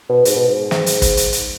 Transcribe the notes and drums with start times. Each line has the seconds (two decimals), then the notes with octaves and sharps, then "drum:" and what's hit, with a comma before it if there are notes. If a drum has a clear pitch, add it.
0.09 B2
0.25 G#2, drum: hi-hat
0.36 B2
0.48 G#2
0.71 drum: snare
0.86 drum: hi-hat
1.02 drum: kick, hi-hat
1.17 drum: hi-hat
1.32 drum: hi-hat